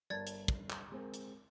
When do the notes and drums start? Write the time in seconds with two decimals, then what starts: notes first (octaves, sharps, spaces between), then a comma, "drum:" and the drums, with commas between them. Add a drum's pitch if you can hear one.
0.10 G1 A#4 D5 A5 G#6 A6
0.27 drum: hi-hat
0.48 drum: kick
0.70 drum: clap
0.92 G#3 C4 A#4
1.14 drum: hi-hat